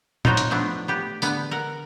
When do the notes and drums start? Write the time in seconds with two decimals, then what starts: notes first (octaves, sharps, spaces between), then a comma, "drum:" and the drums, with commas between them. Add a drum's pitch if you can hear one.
0.25 D#4 F4 F#4 C5 C#5, drum: tom
0.37 drum: hi-hat
0.51 F3 A3 B3 D4
0.88 B3 G4
1.22 D3 B3, drum: tambourine
1.51 A#4 F#5